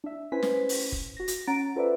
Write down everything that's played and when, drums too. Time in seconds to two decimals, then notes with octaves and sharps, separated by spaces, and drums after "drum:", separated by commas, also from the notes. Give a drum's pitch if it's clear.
0.04 D4 E5
0.32 C#4 E4 B4 C5 G#5 B6
0.43 drum: snare
0.69 drum: open hi-hat
0.92 drum: kick F1
1.17 F#4 A#6
1.28 drum: hi-hat
1.47 C#4 F#5 A#5 A6 D7
1.76 F4 A4 B4 C5 D5 E5